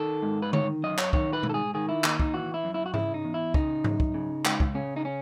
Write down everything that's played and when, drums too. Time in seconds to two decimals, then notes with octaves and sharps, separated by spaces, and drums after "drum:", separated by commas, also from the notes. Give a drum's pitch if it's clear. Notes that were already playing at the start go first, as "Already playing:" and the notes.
Already playing: D#3 A4
0.22 G#2
0.42 B4
0.53 D#3 C#5, drum: tom D3
0.83 F#2 D#5
0.98 C#5, drum: clap
1.13 D#3 C#5, drum: kick
1.33 B4
1.43 G#2, drum: tom B2
1.49 A4
1.54 G#4
1.74 D#3 G#4
1.89 E4
2.04 D#2 D#4, drum: clap
2.19 D#4, drum: kick
2.34 E3 F#4
2.54 E4
2.64 F#2
2.74 E4
2.86 F#4
2.94 C#3 E4, drum: tom G#2
3.14 D#4
3.25 E2
3.34 E4
3.54 C#3 D#4, drum: kick
3.84 F#2, drum: tom G#2
4.00 drum: kick
4.14 C#3
4.45 C#2, drum: clap
4.60 drum: kick
4.75 C#3 C#4
4.96 D#4
5.05 C#4